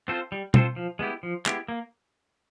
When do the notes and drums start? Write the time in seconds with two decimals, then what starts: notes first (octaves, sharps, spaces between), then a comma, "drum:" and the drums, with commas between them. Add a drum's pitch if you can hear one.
0.08 C4 F4 A4 C5
0.32 G3
0.54 C4 F4 A4 C5, drum: tom B2
0.76 F3
0.99 G#3 B3 E4 G4
1.23 F3
1.46 G#3 B3 E4 G4, drum: clap
1.69 A#3